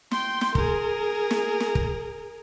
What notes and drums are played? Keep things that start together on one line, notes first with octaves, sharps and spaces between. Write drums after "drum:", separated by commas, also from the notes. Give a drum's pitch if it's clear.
G5 C6, drum: snare
drum: snare
G#4 A#4, drum: kick
drum: snare
drum: snare
drum: kick